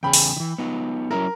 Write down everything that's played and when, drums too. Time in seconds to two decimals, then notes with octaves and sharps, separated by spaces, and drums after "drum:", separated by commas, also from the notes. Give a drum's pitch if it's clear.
0.03 E2 C#3 G#4 G5 B5
0.13 drum: open hi-hat
0.37 D#3 E3
0.58 B3 D#4 F4
1.11 F#3 C#4 E4 A#4